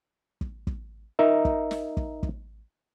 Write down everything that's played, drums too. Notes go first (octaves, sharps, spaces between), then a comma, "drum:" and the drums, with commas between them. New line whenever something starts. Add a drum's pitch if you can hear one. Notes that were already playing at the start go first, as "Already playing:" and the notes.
drum: kick
drum: kick
D#4 A#4 E5
drum: kick
drum: snare
drum: kick
drum: kick